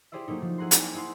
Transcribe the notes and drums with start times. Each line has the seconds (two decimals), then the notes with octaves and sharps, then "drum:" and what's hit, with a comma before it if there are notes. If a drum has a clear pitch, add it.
0.12 E4 G4 G#4 C5 D5 E5
0.28 F#3 A3 A#3 D#4
0.42 F3
0.58 E4 G#4 F#5 A#5 C6
0.71 G#4 C5 D5 E5 G5 G#5, drum: hi-hat
0.94 D#4 E4 F#5 C6